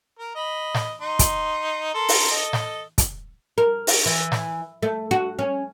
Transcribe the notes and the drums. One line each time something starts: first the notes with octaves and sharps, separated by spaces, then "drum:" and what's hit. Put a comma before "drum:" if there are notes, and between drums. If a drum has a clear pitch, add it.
A#4
D#5 B5
drum: snare
D#4 C6
drum: kick, hi-hat
A4 A#4 C6
drum: open hi-hat
A4 D#5
drum: snare
drum: kick, hi-hat
A#4
drum: open hi-hat
E3
drum: snare
A3
F#4
C#4